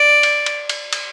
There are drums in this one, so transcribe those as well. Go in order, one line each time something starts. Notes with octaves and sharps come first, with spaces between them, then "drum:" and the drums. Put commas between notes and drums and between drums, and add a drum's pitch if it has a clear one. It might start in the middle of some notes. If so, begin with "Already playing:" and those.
Already playing: D5
drum: cymbal
drum: cymbal
drum: cymbal
drum: cymbal